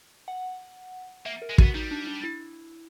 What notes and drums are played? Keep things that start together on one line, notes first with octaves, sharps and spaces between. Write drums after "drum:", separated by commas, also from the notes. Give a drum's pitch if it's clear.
F#5
A#3 E5
A#4
G#3
B3 F#4, drum: kick
G3 D#4
D4
D4
E4